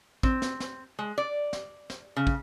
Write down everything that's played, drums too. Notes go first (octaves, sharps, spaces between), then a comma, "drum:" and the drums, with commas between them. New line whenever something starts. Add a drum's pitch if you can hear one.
C4, drum: kick
drum: snare
drum: snare
G#3
D5
drum: snare
drum: snare
C#3
drum: kick